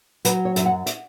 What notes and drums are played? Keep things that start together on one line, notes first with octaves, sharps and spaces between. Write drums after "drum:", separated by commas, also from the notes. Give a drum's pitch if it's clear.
F#3 B4, drum: hi-hat
C#5
F#2 E5, drum: hi-hat
F#5
E5, drum: hi-hat